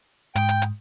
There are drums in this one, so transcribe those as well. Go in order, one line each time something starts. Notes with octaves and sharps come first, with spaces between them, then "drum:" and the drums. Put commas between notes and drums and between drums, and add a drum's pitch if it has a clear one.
G#2 G5, drum: hi-hat
drum: hi-hat
drum: hi-hat